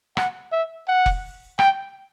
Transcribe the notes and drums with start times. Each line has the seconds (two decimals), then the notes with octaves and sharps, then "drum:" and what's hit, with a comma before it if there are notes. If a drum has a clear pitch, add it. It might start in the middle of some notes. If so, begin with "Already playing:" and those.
0.17 F#5, drum: rim click
0.52 E5
0.88 F#5
1.06 drum: kick F1
1.59 G5, drum: rim click